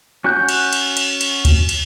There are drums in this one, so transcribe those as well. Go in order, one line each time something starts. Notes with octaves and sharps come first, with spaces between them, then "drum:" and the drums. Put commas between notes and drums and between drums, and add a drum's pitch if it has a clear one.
C#4 F#4 G#5 F#6 G6
drum: cymbal
drum: cymbal
drum: cymbal
drum: cymbal
drum: kick D2, cymbal
drum: cymbal